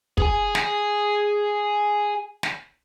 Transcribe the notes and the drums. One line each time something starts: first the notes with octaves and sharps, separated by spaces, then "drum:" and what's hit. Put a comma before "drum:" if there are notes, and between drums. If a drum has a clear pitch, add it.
G#4 G#5, drum: kick
drum: snare
drum: snare